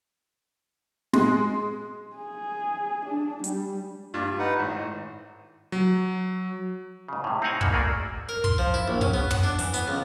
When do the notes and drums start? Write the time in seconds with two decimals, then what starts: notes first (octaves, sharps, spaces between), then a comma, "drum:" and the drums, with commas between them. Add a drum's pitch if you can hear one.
1.13 G#3, drum: snare
2.16 G#4
3.05 D4
3.44 G3, drum: hi-hat
4.14 G2 F4
4.39 D#4 B4 F#5
4.60 G#1 A2
5.72 F#3
7.08 G#2 C#3
7.24 A2 C3
7.42 C4 D#4 E4 F5 F#5 G#5
7.61 G#2 B2 A#3 F#4, drum: kick
7.72 A3 A#3 F#4 G#4 A#4 D5
8.29 A#4
8.44 C6, drum: kick
8.58 F3
8.74 E4
8.88 A#1
9.01 C#4, drum: kick
9.14 B3
9.31 F#5, drum: tom
9.43 D4
9.59 E3, drum: open hi-hat
9.74 B3, drum: hi-hat
9.88 C#2